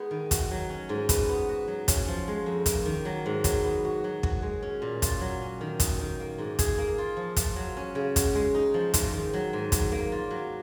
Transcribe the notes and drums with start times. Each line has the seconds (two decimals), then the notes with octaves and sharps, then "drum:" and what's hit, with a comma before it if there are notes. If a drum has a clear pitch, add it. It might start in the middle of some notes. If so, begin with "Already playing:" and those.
Already playing: G#3 B3 D#4
0.11 D#3
0.31 F#4, drum: kick, hi-hat
0.51 F#3
0.70 C#4
0.89 G#2
1.09 B4, drum: kick, hi-hat
1.29 B3
1.49 F#4
1.68 F#3
1.88 C#4, drum: kick, hi-hat
2.08 F3
2.28 G#3
2.46 F2
2.66 A#3, drum: kick, hi-hat
2.85 D#3
3.05 F#3
3.26 G#2
3.44 F#3, drum: kick, hi-hat
3.64 B3
3.84 F#4
4.04 F#3
4.23 F#4, drum: kick
4.42 G#3
4.62 C#4
4.82 A#2
5.02 F4, drum: kick, hi-hat
5.21 F#3
5.41 C#4
5.61 D#3
5.80 D#4, drum: kick, hi-hat
6.00 D#3
6.20 A#3
6.38 G#2
6.59 G#4, drum: kick, hi-hat
6.78 A#3
6.98 F4
7.17 F3
7.36 F4, drum: kick, hi-hat
7.56 F#3
7.77 C#4
7.95 C#3
8.16 F#4, drum: kick, hi-hat
8.35 G#3
8.55 D#4
8.74 F3
8.94 G#2, drum: kick, hi-hat
9.13 D#3
9.34 F#3
9.53 G#2
9.72 F#3, drum: kick, hi-hat
9.92 A#3
10.12 F4
10.30 F#3